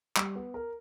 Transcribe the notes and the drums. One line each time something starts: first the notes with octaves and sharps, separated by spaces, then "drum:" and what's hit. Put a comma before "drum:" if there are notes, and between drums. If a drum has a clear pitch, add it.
G3, drum: clap
B3
A#4